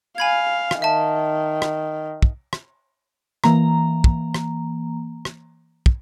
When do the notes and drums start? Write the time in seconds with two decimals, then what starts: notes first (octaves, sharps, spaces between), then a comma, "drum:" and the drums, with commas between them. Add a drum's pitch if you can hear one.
0.18 F5 G#5 B5 G#6
0.71 drum: rim click
0.82 D#3 E5 A5
1.62 drum: rim click
2.22 drum: kick
2.53 drum: rim click
3.44 E3 A#3 A#5, drum: rim click
4.04 drum: kick
4.34 drum: rim click
5.25 drum: rim click
5.86 drum: kick